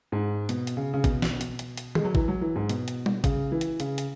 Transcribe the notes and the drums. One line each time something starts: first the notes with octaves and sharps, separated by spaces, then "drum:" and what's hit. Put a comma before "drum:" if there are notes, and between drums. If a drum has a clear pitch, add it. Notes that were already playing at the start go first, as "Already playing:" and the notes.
G#2
B2, drum: hi-hat
drum: hi-hat
C#3
C#3
B2, drum: kick, hi-hat
drum: snare
drum: hi-hat
drum: hi-hat
drum: hi-hat
G#3, drum: tom
F#3
E3, drum: kick
F#3
E3
G#2
B2, drum: hi-hat
drum: hi-hat
drum: tom G3
C#3, drum: kick, hi-hat
E3
drum: hi-hat
C#3, drum: hi-hat
drum: hi-hat